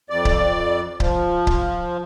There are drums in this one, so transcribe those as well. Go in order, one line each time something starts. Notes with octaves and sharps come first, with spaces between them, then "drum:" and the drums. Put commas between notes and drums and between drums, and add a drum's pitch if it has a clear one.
F2 D5
drum: kick C#1
F3, drum: kick C#1
drum: kick C#1